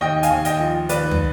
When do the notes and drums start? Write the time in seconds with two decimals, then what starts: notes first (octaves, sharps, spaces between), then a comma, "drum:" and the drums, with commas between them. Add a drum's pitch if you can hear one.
0.01 D#2 D#5 G5
0.23 F5 G#5, drum: hi-hat
0.30 D#2
0.45 D#5 G5, drum: hi-hat
0.60 F3
0.89 D#2 B4 D5, drum: hi-hat
1.11 drum: tom